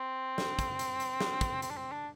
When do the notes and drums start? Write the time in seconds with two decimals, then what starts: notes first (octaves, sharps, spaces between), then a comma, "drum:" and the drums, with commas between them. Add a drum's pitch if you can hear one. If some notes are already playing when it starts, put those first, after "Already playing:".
Already playing: C4
0.38 drum: snare
0.59 drum: kick, hi-hat
0.79 drum: hi-hat
1.00 drum: hi-hat
1.20 drum: snare
1.41 drum: kick, hi-hat
1.62 C4, drum: hi-hat
1.70 D4
1.77 C4
1.92 D4